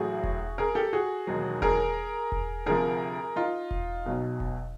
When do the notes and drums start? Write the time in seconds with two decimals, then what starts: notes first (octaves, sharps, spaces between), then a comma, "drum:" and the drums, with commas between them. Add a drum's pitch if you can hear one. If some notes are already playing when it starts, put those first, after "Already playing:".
Already playing: A1 A2 F#3 F#4 G#4
0.24 drum: kick E1
0.58 G#4 A#4
0.75 G4 A4
0.93 F#4 G#4
1.27 E1 D#2 D#3 F#3
1.62 G#4 A#4, drum: kick E1
2.32 drum: kick E1
2.66 D2 C3 F3 G#4 A#4
3.36 D#4 F4
3.71 drum: kick E1
4.06 B1 B2 F#3
4.40 drum: kick E1